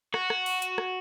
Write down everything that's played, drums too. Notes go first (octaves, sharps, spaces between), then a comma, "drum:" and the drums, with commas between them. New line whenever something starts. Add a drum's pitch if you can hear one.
F#4, drum: rim click
drum: rim click
drum: open hi-hat
drum: hi-hat
drum: rim click